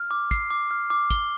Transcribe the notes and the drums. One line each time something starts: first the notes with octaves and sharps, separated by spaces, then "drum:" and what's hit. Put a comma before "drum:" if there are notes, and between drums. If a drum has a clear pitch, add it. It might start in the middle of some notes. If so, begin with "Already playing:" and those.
Already playing: F6
D6
C7, drum: kick, hi-hat
D6
F6
D6
G7, drum: kick, hi-hat